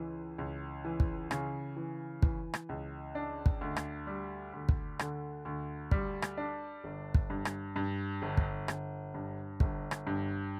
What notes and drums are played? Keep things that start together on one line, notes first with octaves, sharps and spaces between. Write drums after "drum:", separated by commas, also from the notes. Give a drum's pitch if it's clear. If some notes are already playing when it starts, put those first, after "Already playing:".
Already playing: C#2 E3
C#2
E3
drum: kick
C#3, drum: rim click
E3
E3, drum: kick
drum: rim click
C#2
D4
drum: kick
D2
drum: rim click
G3
D2
drum: kick
D3, drum: rim click
D2
G3, drum: kick
drum: rim click
D4
G1
drum: kick
G2
drum: rim click
G2
G1
drum: kick
G1, drum: rim click
G2
G1, drum: kick
drum: rim click
G2